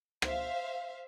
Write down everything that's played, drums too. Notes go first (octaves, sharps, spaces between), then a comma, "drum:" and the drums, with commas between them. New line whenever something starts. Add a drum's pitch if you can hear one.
C5 E5 F5, drum: rim click